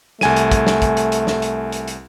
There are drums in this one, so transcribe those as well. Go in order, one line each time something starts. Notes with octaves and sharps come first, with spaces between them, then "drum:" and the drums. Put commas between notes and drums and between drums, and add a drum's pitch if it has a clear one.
C2 A3 G#5 D#7, drum: snare
drum: hi-hat
drum: kick, hi-hat
drum: snare
drum: kick, hi-hat
drum: hi-hat
drum: hi-hat
drum: snare
drum: hi-hat
drum: hi-hat
drum: hi-hat